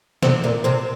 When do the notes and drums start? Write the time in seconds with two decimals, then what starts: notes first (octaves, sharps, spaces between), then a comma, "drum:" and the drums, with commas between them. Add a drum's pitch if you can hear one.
0.23 C3 C4, drum: snare
0.44 A#2 A#3
0.64 C3 C4